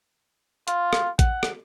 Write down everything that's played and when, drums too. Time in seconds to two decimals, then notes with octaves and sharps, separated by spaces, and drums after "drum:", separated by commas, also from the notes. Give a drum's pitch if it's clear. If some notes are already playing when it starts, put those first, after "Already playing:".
0.68 F4, drum: hi-hat
0.93 drum: rim click
1.19 F#5, drum: kick A1, hi-hat
1.43 drum: rim click